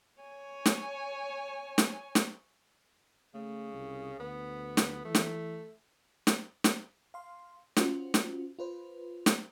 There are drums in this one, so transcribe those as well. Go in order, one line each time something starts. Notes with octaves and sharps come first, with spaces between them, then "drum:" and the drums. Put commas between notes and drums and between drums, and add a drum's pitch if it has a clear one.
C#5 G#5
drum: snare
drum: snare
drum: snare
C#3 A3
C2
D2 B3
drum: snare
E3 A3
drum: snare
drum: snare
drum: snare
F5 C6
C#4 F4 F#4 C5, drum: snare
drum: snare
F4 B4 C5
drum: snare